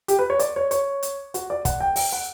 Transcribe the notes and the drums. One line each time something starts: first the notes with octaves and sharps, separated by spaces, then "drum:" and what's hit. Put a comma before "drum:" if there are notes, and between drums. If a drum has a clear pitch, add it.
G4, drum: hi-hat
B4
C#5
D5, drum: hi-hat
C#5
C#5, drum: hi-hat
drum: hi-hat
F#4, drum: hi-hat
D5
F#5, drum: kick, hi-hat
G5
G5, drum: open hi-hat
F#5